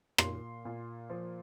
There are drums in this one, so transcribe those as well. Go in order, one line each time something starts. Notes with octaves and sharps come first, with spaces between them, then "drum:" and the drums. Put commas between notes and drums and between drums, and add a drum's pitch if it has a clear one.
A#2 C6, drum: rim click
A#2
F3